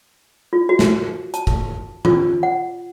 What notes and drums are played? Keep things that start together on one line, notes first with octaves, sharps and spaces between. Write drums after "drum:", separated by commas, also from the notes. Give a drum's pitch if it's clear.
F4
F#4
drum: snare
A5, drum: hi-hat
drum: kick
F4, drum: tom D#3
F#5